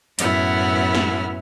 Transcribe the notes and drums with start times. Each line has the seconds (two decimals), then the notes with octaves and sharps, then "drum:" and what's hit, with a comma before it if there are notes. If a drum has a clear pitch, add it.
0.19 F#2 A2 B3 E4 F#5 F6, drum: hi-hat
0.95 drum: snare